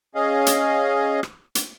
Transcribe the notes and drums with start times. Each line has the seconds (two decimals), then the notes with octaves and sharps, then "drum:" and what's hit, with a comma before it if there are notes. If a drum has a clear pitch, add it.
0.15 C#4 G#4 D#5 F5
0.46 drum: hi-hat
1.23 drum: rim click
1.55 drum: hi-hat